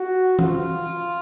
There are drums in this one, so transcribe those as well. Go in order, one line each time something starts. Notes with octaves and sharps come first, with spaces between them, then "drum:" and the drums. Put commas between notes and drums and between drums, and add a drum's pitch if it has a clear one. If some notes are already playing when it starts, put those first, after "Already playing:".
Already playing: F#4
F4, drum: tom E3